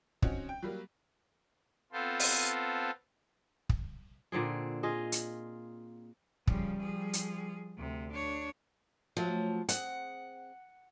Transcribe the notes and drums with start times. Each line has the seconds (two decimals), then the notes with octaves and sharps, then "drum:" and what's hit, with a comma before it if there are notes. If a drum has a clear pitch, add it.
0.22 C4 C#4 D#4 F#4 C#5, drum: kick
0.49 G5
0.63 F#3 G3 A#3
1.92 B3 C4 F4 A4 C5
2.20 drum: open hi-hat
3.69 drum: kick
4.32 A#2 D3 C4 G#4
4.83 F4 G#4 D#5
5.12 drum: hi-hat
6.47 C#3 F3 G3, drum: kick
6.80 F3 G#4
7.13 drum: hi-hat
7.78 D2 C3
8.13 D4 C#5
9.17 F3 F#3 A3
9.69 C4 G#4 F#5, drum: hi-hat